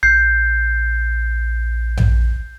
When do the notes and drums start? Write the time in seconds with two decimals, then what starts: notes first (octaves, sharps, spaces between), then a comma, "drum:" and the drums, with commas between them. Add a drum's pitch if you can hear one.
0.03 A#1 G6 C7
1.97 drum: tom A#1